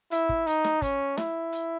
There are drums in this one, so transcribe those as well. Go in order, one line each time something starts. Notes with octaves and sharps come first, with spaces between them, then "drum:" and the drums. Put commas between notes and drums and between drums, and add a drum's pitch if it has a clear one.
E4, drum: hi-hat
drum: kick
D#4, drum: hi-hat
drum: snare
C#4, drum: kick, hi-hat
E4, drum: snare
drum: hi-hat